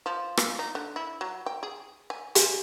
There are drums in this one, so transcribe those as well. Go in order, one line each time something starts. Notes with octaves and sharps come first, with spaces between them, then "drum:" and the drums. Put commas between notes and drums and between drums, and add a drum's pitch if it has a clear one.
F3
drum: rim click
D#4
D3
E4
F#3
G5
G#4
G#5
G#5, drum: hi-hat